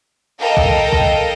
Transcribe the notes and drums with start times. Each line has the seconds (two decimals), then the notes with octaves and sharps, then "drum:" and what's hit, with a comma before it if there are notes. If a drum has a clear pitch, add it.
0.39 A4 A#4 D#5 F5 G5
0.57 drum: kick
0.93 drum: kick